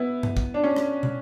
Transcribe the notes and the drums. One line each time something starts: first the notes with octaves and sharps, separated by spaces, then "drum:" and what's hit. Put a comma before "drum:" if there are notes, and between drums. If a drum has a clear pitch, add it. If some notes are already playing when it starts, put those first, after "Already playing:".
Already playing: B3 E4
drum: tom G2
drum: kick
D4
C#4
drum: rim click
drum: tom